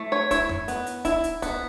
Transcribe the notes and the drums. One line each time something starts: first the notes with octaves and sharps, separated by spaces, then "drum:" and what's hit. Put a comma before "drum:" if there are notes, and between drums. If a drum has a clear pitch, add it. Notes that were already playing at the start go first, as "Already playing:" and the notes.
Already playing: A3 E4
C#5
E4 C#5, drum: kick, hi-hat
drum: tom F2
B3, drum: hi-hat
drum: hi-hat
E4, drum: kick, hi-hat
drum: hi-hat
B3, drum: kick, hi-hat